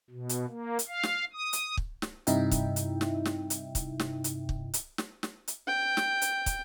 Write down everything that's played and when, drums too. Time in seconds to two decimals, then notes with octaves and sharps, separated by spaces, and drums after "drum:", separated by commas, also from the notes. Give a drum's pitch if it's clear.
0.10 B2
0.29 drum: hi-hat
0.48 A#3
0.79 drum: hi-hat
0.88 F5
1.03 drum: snare
1.33 D#6
1.53 drum: hi-hat
1.77 drum: kick
2.02 drum: snare
2.27 G2 C3 D#4 E4 E5 G5, drum: hi-hat
2.51 drum: kick, hi-hat
2.76 drum: hi-hat
3.01 drum: snare
3.25 drum: snare
3.50 drum: hi-hat
3.75 drum: kick, hi-hat
4.00 drum: snare
4.24 drum: hi-hat
4.49 drum: kick
4.74 drum: hi-hat
4.98 drum: snare
5.23 drum: snare
5.48 drum: hi-hat
5.67 G5
5.97 drum: snare
6.22 drum: hi-hat
6.46 drum: kick, hi-hat